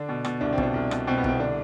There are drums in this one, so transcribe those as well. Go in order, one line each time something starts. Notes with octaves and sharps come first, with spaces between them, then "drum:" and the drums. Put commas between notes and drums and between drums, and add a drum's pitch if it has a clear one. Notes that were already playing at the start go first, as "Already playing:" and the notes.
Already playing: D3 D4
B2
B2, drum: rim click
C2 D4
C4
B2 D4, drum: kick
C2
B2, drum: rim click
B2 C4
B3
C2 C4, drum: kick
D3 D4